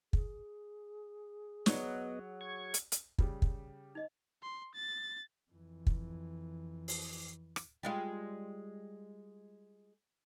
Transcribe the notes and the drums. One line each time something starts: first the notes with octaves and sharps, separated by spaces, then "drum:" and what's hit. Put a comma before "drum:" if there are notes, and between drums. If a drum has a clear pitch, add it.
G#4, drum: kick
F#3 B3 D#5, drum: snare
C#6 G#6
drum: hi-hat
drum: hi-hat
C#3 G3, drum: kick
drum: kick
D#4 D#5
C6
A6
F2 E3
drum: kick
drum: open hi-hat
drum: rim click
G3 G#3 F4